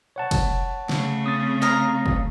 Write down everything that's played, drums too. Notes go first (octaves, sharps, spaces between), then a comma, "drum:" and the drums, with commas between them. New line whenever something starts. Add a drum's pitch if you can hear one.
C#5 F#5 A5
drum: kick, cymbal
C#3 A3, drum: snare
C4 D#6 A6
D#5 F5 A#5
drum: kick